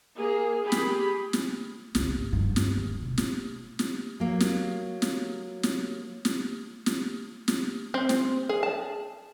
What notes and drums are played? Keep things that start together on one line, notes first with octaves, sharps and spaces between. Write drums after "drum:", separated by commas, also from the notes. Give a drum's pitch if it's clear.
A#3 G#4
G4 G#4 B5
drum: snare
drum: snare
G#1 C#2, drum: snare
D2 G2
drum: snare
D#2 G3
B2
drum: snare
drum: snare
F#3 A#3
drum: snare
drum: snare
drum: snare
drum: snare
drum: snare
drum: snare
C4
drum: snare
G#4
A5